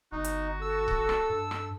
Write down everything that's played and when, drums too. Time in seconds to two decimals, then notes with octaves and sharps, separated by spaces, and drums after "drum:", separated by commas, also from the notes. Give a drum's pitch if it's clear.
0.12 G1 D#4 F#4
0.24 drum: hi-hat
0.62 A4 E6
0.88 drum: kick C#1
1.09 drum: rim click
1.30 G2
1.51 drum: rim click